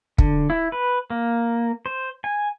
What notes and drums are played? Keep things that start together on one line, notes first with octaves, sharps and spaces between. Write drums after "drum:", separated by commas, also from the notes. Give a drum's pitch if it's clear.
D3, drum: kick
E4
B4
A#3
C5
G#5